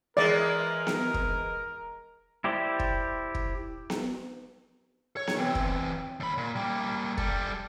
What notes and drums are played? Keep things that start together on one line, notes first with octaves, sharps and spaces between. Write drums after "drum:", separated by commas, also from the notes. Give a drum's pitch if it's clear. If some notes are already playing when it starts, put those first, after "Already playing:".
E3 G#3 A#4 D5
drum: snare B3
drum: kick
E4 G4 C5 D5
drum: kick
drum: kick
drum: snare B3
C#5
drum: snare B3
E3 C4
drum: kick
D#2 B5
A#2
G3 A#3
G3 A4, drum: kick